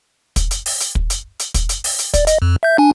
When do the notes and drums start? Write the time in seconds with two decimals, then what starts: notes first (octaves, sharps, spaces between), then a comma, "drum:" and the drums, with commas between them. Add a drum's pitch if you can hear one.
0.36 drum: kick, hi-hat
0.51 drum: hi-hat
0.66 drum: open hi-hat
0.80 drum: hi-hat
0.95 drum: kick
1.10 drum: hi-hat
1.40 drum: hi-hat
1.54 drum: kick, hi-hat
1.69 drum: hi-hat
1.84 drum: open hi-hat
1.99 drum: hi-hat
2.14 D5, drum: kick, hi-hat
2.27 D#5, drum: hi-hat
2.42 F2
2.63 E5 G6
2.78 D4 G#5